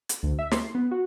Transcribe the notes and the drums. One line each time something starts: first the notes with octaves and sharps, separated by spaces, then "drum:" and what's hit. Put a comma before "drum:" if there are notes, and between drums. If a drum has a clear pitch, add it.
drum: hi-hat
D2
E5
C6, drum: snare
B3
F#4